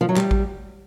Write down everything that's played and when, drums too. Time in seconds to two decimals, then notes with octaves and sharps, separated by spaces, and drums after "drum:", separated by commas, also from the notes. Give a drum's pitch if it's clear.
0.01 F3
0.09 F#3
0.16 G3, drum: clap
0.31 drum: kick A1